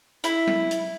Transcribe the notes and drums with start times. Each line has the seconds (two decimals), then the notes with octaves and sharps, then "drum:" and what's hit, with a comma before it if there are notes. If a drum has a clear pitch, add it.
0.24 E4, drum: hi-hat
0.47 drum: tom F#3
0.71 drum: hi-hat